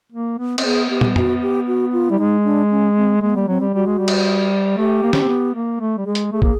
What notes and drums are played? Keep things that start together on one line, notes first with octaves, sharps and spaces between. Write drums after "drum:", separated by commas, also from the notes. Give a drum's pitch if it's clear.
A#3
B3
C4, drum: cymbal
B3 G#4
B3 G4
drum: tom
F#4, drum: tom F2
G4
F#4
F4
G3 E4
G#3 D#4
D4
C#4
C4
G#3 A#3
B3
G3 A#3
F#3 C4
G3
G3 F#4
G#3
G3
drum: cymbal
A3 G4
A#3
C#4, drum: snare
C4
B3
A#3
A3
G3
G#3 G#4
drum: hi-hat
A3 G#4
A#3, drum: kick